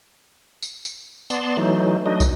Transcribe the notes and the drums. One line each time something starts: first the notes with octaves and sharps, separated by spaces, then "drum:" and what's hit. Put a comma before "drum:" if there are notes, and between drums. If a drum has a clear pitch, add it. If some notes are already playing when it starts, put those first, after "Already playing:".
drum: tambourine
drum: tambourine
B3 D5 A5 C6, drum: tambourine
E3 F#3 A3 D#4
F#3 A3 D4 D#4 D#5
drum: kick, tambourine